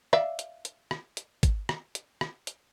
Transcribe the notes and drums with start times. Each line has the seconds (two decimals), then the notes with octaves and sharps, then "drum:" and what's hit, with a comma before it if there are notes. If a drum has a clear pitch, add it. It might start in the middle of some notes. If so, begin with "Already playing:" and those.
0.13 D5 E5 F5, drum: rim click
0.39 drum: hi-hat
0.65 drum: hi-hat
0.91 drum: rim click
1.17 drum: hi-hat
1.43 drum: kick, hi-hat
1.69 drum: rim click
1.95 drum: hi-hat
2.21 drum: rim click
2.47 drum: hi-hat